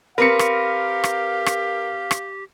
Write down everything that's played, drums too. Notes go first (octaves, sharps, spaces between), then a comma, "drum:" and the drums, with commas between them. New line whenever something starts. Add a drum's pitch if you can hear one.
C4 G4 A#4 B4 F5 C#7
drum: rim click
drum: rim click
drum: rim click
drum: rim click